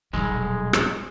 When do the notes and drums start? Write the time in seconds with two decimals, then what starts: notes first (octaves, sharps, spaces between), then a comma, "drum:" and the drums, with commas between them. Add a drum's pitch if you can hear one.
0.13 D#1 B1 G3 G#3
0.73 drum: rim click